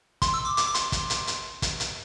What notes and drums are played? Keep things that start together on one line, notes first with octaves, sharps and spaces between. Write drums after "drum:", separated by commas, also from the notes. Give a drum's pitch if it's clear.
C6, drum: kick, hi-hat
E6
D6
D6, drum: hi-hat
D6
C6, drum: hi-hat
drum: kick, hi-hat
drum: hi-hat
drum: hi-hat
drum: kick, hi-hat
drum: hi-hat